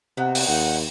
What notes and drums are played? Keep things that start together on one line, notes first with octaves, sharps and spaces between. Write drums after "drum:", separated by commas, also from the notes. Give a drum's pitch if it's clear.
C3 B3 D#4 F#4
drum: open hi-hat
D#2 D#4 F#5 G5